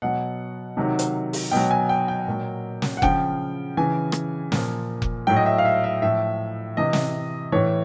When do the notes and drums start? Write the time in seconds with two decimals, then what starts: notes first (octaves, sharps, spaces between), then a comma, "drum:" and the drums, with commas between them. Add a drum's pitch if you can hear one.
0.02 B2 F#3 F#5
0.77 C3 D#3 F#3
0.99 drum: hi-hat
1.33 drum: open hi-hat
1.51 B2 F#3 G5
1.71 G#5
1.89 G5
2.08 G5
2.27 A#2 F#3
2.82 drum: snare
2.97 F#5
3.02 C#3 F3 G5, drum: kick F1
3.77 C#3 E3 G#5
4.12 drum: rim click
4.52 A#2 F3, drum: snare
5.02 drum: kick F1
5.27 A2 F#3 G5
5.36 D#5
5.46 E5
5.58 F5
5.65 E5
5.84 E5
6.02 A2 F3 E5
6.77 C3 E3 D#5
6.93 drum: snare
7.52 A2 E3 C#5